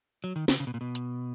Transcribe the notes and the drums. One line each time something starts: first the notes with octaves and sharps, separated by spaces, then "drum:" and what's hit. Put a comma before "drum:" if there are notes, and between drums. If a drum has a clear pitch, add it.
F#3
D#3
C#3, drum: snare
C#3
B2
A#2
B2
drum: hi-hat